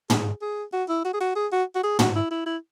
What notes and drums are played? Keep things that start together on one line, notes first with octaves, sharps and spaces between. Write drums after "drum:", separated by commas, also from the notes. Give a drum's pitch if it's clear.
G#4, drum: tom
G#4
F#4
E4
F#4
G#4
F#4
G#4
F#4
F#4
G#4
F#4, drum: tom
E4
E4
E4